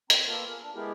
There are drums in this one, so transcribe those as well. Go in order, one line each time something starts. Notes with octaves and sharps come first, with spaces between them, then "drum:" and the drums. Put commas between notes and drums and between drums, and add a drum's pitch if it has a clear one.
C4 A#5, drum: hi-hat
A#3 B3 F4 A4 A#4
G#4 A#4
D4
G#3 B3 E4 G4 G#4 A#4